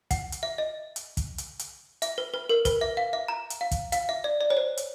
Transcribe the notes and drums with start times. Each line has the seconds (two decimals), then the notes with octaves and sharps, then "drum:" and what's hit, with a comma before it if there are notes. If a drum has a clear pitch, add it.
0.11 F#5, drum: kick, hi-hat
0.32 drum: hi-hat
0.43 E5
0.58 D#5
0.96 drum: hi-hat
1.17 drum: kick, hi-hat
1.38 drum: hi-hat
1.59 drum: hi-hat
2.02 E5, drum: hi-hat
2.18 B4
2.34 B4
2.49 A#4
2.65 B4, drum: kick, hi-hat
2.81 E5
2.97 F5
3.13 E5
3.28 A#5
3.50 drum: hi-hat
3.61 F5
3.71 drum: kick, hi-hat
3.92 F5, drum: hi-hat
4.09 E5
4.24 D5
4.41 D5
4.50 C#5
4.57 C5
4.77 drum: hi-hat